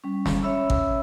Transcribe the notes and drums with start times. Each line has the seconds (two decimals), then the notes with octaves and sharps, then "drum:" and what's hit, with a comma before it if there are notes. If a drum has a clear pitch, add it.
0.04 G3 C#4
0.26 drum: snare
0.43 C#4 C#5 E5 B5 E6
0.70 drum: kick G#1